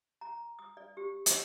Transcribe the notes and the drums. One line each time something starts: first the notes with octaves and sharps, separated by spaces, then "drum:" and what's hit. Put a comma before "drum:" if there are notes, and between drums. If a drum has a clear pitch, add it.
A#5
D#6
D5
G4
D#5, drum: hi-hat